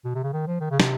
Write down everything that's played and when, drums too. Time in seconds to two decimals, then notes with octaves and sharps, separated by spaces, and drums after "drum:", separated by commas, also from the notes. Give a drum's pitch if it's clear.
0.05 B2
0.15 C3
0.23 C#3
0.33 D#3
0.47 F3
0.61 D#3
0.71 C#3
0.80 C3, drum: snare